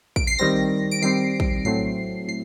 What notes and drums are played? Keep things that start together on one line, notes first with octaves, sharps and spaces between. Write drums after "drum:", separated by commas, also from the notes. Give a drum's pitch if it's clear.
D7, drum: kick
C7
D#3 G3 C4 A#6
D7
D#3 G3 C4 C7
drum: kick
A2 F#3 A3 C4 C7
A2 C7